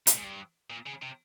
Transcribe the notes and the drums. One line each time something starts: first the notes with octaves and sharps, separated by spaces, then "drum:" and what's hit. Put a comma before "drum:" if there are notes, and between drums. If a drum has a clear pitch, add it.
G#2, drum: hi-hat
G#2
G2
A#2
C#3
C3